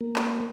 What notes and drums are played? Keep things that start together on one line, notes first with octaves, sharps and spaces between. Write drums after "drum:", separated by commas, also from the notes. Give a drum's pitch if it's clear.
A#3
drum: clap